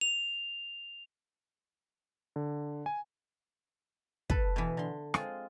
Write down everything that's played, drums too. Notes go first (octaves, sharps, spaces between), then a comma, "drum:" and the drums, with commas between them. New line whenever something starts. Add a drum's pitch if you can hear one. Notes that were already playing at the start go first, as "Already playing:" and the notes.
F7
D3
G#5
A4 B4, drum: kick
B2 E3
D3 C6
G#3 C4 F4, drum: rim click